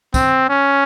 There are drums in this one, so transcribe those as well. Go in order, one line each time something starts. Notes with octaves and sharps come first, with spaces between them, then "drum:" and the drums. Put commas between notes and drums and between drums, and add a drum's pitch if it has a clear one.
C4, drum: kick, tambourine
C#4